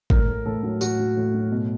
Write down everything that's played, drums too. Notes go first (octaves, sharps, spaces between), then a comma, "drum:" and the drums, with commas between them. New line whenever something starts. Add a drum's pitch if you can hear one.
A2 A#4, drum: kick G#1
A2
A2 A4
F#3
A2 F#4, drum: tambourine
F#3
A2
F#3
B2